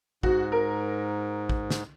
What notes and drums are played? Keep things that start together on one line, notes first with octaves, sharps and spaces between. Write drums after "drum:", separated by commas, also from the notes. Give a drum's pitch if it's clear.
G#2 F#4, drum: kick A1
A#4
drum: kick A1
drum: snare